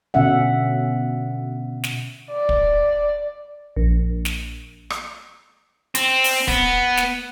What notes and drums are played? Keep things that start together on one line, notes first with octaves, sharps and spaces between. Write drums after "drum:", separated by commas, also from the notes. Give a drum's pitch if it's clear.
B2 D3 C#4 E5 F#5
drum: snare
D5
drum: kick
A#1
drum: snare
drum: rim click
C4, drum: hi-hat
drum: open hi-hat
B3, drum: kick
drum: snare